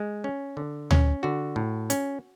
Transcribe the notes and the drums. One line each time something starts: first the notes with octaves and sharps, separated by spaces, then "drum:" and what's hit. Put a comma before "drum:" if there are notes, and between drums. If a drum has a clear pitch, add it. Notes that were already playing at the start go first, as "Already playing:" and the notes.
Already playing: G#3
C#4
D3
C#4, drum: tom D2
D3 F#4
A2
C#4, drum: hi-hat